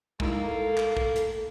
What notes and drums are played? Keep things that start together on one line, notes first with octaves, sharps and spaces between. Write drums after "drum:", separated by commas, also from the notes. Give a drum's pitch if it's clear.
A2 G#3 A#3 D#4 E4, drum: kick
A4
drum: clap
drum: kick
drum: hi-hat